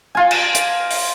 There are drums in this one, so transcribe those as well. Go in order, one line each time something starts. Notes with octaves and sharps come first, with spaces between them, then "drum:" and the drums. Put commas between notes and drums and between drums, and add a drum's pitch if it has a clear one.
F4 G#5
drum: cymbal
drum: hi-hat
drum: open hi-hat